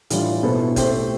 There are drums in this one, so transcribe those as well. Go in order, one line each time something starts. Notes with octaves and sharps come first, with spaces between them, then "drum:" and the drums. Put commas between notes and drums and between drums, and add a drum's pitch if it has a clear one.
A2 E3 G3 D4 F4, drum: hi-hat
B2 B3 E4 A4 C5
A3 C4 G4 C5, drum: kick, hi-hat